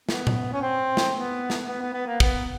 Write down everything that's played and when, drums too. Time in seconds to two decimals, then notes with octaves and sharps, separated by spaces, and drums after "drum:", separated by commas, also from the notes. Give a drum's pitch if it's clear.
0.09 B3, drum: snare
0.27 drum: tom A#2
0.53 C#4
0.62 C4
0.97 drum: snare
1.15 B3
1.50 drum: snare
1.68 B3
1.81 B3
1.93 B3
2.06 A#3
2.20 B3, drum: kick